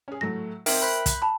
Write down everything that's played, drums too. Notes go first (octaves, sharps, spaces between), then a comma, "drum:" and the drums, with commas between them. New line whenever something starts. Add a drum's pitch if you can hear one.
C#4 G#4
A2 F#3 A3 A#6
C4 D#4 A#4 E5 G5, drum: open hi-hat
C5 B5 F#6 B6
drum: kick, hi-hat
A5 B5